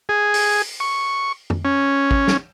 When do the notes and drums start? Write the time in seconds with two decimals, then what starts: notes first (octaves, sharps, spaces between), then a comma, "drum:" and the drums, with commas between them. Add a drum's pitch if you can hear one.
0.09 G#4
0.34 drum: open hi-hat
0.80 C#6
1.50 drum: tom F2
1.65 C#4
2.11 drum: kick
2.28 drum: snare